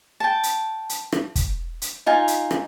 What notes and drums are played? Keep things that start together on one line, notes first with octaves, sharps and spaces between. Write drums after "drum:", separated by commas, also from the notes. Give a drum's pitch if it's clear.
G5 A5
drum: hi-hat
drum: hi-hat
drum: rim click
drum: kick, hi-hat
drum: hi-hat
D#4 F4 G#5
drum: hi-hat
drum: rim click